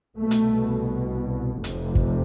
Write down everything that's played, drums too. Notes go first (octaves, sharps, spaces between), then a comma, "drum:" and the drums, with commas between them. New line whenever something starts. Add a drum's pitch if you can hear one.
C2 B2 A3
drum: hi-hat
F1 F2 C3, drum: hi-hat
drum: kick